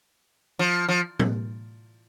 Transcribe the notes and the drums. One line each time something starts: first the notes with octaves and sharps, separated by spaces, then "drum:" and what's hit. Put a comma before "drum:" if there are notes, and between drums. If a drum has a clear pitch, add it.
F3
F3
drum: tom A2